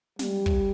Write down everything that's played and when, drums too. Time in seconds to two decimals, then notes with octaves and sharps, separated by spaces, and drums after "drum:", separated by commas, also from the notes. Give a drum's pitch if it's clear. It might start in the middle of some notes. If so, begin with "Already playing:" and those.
0.19 G3, drum: snare
0.46 drum: kick